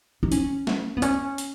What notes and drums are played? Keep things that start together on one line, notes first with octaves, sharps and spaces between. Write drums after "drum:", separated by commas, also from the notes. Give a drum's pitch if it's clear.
D#4
C#4, drum: hi-hat
drum: snare
B3
C#4, drum: hi-hat
drum: hi-hat